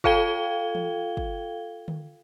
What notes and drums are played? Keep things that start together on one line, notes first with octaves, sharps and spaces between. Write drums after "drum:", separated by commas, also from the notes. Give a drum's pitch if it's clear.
F4 A4 F5 G5 G#6 G7, drum: kick
drum: tom E3
drum: kick
drum: tom D3